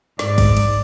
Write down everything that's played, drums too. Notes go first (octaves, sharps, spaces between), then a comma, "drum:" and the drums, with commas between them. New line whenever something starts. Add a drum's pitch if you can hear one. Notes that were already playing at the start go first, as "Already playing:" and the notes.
G#2 D5, drum: snare
drum: kick, cymbal
drum: cymbal